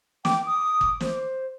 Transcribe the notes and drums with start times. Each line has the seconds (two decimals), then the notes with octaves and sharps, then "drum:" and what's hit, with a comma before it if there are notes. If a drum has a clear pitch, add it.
0.25 G5 D6, drum: snare
0.46 D#6
0.81 drum: kick
1.00 C5, drum: snare